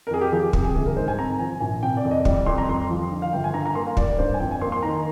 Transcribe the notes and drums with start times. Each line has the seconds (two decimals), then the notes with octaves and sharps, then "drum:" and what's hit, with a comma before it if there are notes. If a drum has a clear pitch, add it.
0.07 A#4
0.10 F2 G#4
0.21 G4
0.32 F3 G#4
0.43 G4
0.53 C3 G#4, drum: kick
0.64 G#4
0.75 G1 G#4
0.86 A#4
0.96 G#2 C5
1.08 G#5
1.19 C4 A#5
1.40 F3 G#5
1.60 A#1 G#5
1.83 C3 G5
1.97 D5
2.05 F2
2.11 D#5
2.25 G3 D5, drum: kick
2.46 F2 C6
2.58 A#5
2.69 F2 C6
2.90 F3
3.11 D3
3.22 F5
3.33 G1 G5
3.44 G#5
3.54 D3 A#5
3.66 A#5
3.75 A#3 C6
3.87 F5
3.97 G3 D5, drum: kick
4.18 G2 C5
4.34 G#5
4.40 F2 G5
4.51 G#5
4.61 A#3 C6
4.72 C6
4.83 D#3 A#5